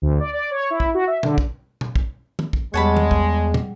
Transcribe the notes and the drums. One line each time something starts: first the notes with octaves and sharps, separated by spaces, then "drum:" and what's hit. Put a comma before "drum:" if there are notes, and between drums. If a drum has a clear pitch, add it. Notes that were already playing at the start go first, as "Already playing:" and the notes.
D2
D5
D5
C#5
E4
drum: kick
F#4
E5
D3, drum: tom
drum: kick
drum: tom
drum: kick
drum: tom
drum: kick
E2 G3 G#3 G#4 C#5 F#5 A5 B5
drum: tom
drum: kick
drum: tom